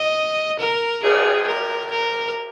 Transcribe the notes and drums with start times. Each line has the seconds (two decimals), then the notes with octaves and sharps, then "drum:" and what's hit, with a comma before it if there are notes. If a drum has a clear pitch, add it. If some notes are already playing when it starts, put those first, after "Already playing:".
Already playing: D#5
0.59 A#4
1.03 G#4, drum: cymbal
1.47 A#4
1.91 A#4